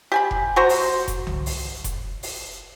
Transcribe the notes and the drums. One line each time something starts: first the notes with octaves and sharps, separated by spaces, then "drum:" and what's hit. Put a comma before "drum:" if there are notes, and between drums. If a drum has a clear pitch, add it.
G4 G#5 B5
drum: kick F1
F#3 F#4 C5 A#5
drum: open hi-hat
drum: kick F1, hi-hat
drum: tom C2
drum: open hi-hat
drum: kick F1, hi-hat
drum: open hi-hat